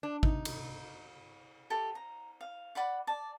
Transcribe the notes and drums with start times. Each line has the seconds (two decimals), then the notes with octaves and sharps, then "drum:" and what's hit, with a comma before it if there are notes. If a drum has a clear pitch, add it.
0.03 D4
0.23 D#4, drum: kick G#1
0.45 drum: cymbal
1.70 G4 A4
1.95 A#5
2.41 F5
2.75 D5 F#5 B5 D6
3.07 D5 A5